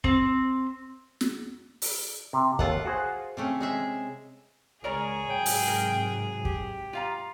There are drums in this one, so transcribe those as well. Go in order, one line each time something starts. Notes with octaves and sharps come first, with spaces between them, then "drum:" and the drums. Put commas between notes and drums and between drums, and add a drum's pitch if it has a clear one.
C4, drum: kick
drum: snare
drum: open hi-hat
C3
D#2 F4 A4 F#5 G5, drum: kick
F#4 G#4 C5
C3 A3 C#4
G#3 G#4 E5
C#2 G#4 A#4 C#5 D5 A#5
G#2 C3 F#3 G5
drum: open hi-hat
A#4
G4, drum: kick
F4 F5 A#5